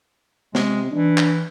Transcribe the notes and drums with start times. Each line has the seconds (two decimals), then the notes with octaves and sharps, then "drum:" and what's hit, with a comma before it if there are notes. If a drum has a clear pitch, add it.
0.55 C3 G#3, drum: snare
0.92 E3 D4
1.18 drum: clap